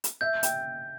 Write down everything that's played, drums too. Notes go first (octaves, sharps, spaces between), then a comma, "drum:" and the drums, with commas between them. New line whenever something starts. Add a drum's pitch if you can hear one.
drum: hi-hat
E5 G6
G5, drum: hi-hat